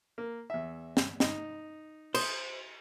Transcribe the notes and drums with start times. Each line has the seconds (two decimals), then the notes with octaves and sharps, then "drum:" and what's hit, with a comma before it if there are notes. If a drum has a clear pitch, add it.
0.18 A#3
0.50 E2 E5
0.97 drum: snare
1.20 D#4, drum: snare
2.15 C5 D#6, drum: cymbal